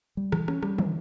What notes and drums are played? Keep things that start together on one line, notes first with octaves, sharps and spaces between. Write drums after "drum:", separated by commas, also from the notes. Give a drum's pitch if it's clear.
G3
E3, drum: rim click
C#4, drum: rim click
G3, drum: rim click
E3, drum: tom